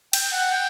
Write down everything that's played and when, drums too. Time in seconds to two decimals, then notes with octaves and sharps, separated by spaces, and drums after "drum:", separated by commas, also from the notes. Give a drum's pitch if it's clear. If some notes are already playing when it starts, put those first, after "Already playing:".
0.13 G5, drum: cymbal
0.32 F#5
0.52 G5